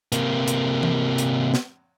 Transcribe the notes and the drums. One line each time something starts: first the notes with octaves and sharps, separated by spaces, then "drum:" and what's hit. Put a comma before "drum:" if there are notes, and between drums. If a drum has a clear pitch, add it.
C3 A#3, drum: hi-hat
drum: hi-hat
drum: tom E3
drum: hi-hat
drum: snare